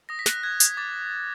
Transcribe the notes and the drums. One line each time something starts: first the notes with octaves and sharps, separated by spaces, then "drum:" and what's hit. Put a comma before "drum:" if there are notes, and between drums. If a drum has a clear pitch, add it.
D#6 A#6
B6
F#6 A#6, drum: snare
F#6 G#6
D#6 G#6, drum: hi-hat
D6 A6